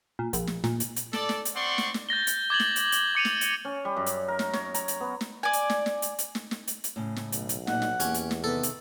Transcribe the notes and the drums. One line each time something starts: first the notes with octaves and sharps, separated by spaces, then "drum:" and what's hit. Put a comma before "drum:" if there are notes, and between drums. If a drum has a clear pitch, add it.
A#2
A#1, drum: hi-hat
drum: snare
A#2, drum: snare
drum: hi-hat
drum: hi-hat
A4 D5, drum: snare
drum: snare
drum: hi-hat
C4 D5 F#5 C6 C#6
drum: snare
drum: snare
G6 A6 A#6 G7
drum: hi-hat
D6 G#6 A6 F#7
drum: snare
drum: hi-hat
drum: hi-hat
D6 C#7 D#7 F7
drum: snare
drum: hi-hat
C#4
G3
F#2
drum: hi-hat
A#4
drum: snare
C#5, drum: snare
A#5, drum: hi-hat
drum: hi-hat
B3
drum: snare
D5 G#5
drum: hi-hat
drum: snare
drum: snare
drum: hi-hat
drum: hi-hat
drum: snare
drum: snare
drum: hi-hat
drum: hi-hat
A2 C#3
drum: snare
B1, drum: hi-hat
drum: hi-hat
A#2 D#4 F#5, drum: snare
drum: snare
E2 A#3 C#4 G4, drum: hi-hat
drum: hi-hat
drum: snare
C3 D#3 B3 A4
drum: hi-hat